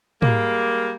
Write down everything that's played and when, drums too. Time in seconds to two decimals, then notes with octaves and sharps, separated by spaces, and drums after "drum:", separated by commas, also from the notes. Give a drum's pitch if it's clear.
0.22 G3 G#3 A#3, drum: tom